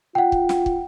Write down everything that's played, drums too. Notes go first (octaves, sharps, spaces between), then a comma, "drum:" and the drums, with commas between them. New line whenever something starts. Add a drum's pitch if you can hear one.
F4 F#5 G5
drum: kick
drum: snare
drum: kick